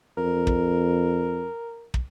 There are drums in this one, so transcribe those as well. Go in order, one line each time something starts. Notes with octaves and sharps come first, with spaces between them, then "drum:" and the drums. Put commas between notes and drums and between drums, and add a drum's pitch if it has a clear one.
F2 A#4
drum: kick
drum: kick